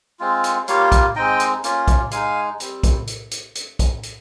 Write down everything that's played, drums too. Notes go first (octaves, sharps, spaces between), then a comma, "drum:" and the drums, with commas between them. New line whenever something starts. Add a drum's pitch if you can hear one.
G#3 C4 F4
drum: hi-hat
G3 A#3 F4 C#5 F5, drum: hi-hat
drum: kick, hi-hat
G#3 C4 D#4 D#5 G5
drum: hi-hat
A#3 C#4 F4, drum: hi-hat
drum: kick, hi-hat
G#3 D#4 F5 G#5, drum: hi-hat
G3 C4, drum: hi-hat
drum: kick, hi-hat
drum: hi-hat
drum: hi-hat
drum: hi-hat
drum: kick, hi-hat
drum: hi-hat